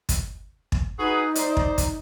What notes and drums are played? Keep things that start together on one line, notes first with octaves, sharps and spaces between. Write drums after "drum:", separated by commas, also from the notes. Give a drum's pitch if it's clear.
drum: kick, hi-hat
drum: kick
D#4 F#4 G#4 B4
C5 D5, drum: hi-hat
drum: kick
drum: kick, hi-hat